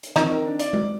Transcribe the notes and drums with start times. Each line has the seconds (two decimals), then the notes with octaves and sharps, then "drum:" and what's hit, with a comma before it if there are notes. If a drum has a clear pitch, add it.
0.03 drum: hi-hat
0.16 D#3 C4 D#4, drum: snare
0.31 A#4
0.46 D4
0.59 D5, drum: hi-hat
0.73 drum: tom G#3